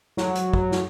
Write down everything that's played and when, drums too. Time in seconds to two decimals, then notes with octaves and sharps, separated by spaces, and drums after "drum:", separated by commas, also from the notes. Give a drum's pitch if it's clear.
0.17 F#3, drum: snare
0.35 drum: hi-hat
0.53 drum: kick
0.72 drum: snare